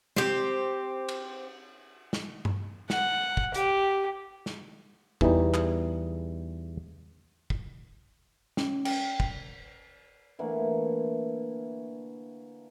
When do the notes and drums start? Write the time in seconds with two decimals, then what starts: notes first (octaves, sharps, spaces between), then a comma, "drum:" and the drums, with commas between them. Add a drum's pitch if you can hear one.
0.16 C4 G4, drum: snare
1.09 drum: cymbal
2.13 drum: snare
2.45 drum: tom G2
2.90 F#5, drum: snare
3.37 drum: kick
3.54 G4, drum: hi-hat
4.46 drum: snare
5.21 E2 E3 G3 D#4, drum: kick
5.54 drum: clap
7.50 drum: kick
8.57 C#4, drum: snare
8.85 G5, drum: cymbal
9.20 drum: kick
10.39 D3 E3 A3 A#3